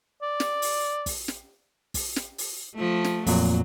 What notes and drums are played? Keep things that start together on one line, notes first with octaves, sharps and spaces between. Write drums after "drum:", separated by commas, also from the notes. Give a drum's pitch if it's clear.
D5
drum: snare
drum: open hi-hat
drum: kick, open hi-hat
drum: snare
drum: kick, open hi-hat
drum: snare
drum: open hi-hat
F3 A3
drum: snare
F2 A#2 F#3, drum: open hi-hat